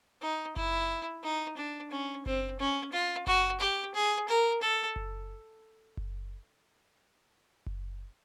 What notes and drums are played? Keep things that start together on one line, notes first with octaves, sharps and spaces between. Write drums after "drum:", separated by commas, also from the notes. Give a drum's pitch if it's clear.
D#4
E4, drum: kick F#1
D#4
D4
C#4
C4, drum: kick F#1
C#4
F4
F#4, drum: kick F#1
G4
G#4
A#4
A4
drum: kick F#1
drum: kick F#1
drum: kick F#1